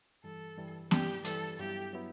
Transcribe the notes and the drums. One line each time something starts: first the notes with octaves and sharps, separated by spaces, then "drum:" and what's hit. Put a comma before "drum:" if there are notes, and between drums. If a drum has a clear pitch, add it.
G2 E3 G3 A4
G2 E3 G3
G2 E3 G3 G4, drum: snare B3
G2 E3 G3 A4, drum: hi-hat
G2 F#3 B3 E4 G4
F#3 B3 E4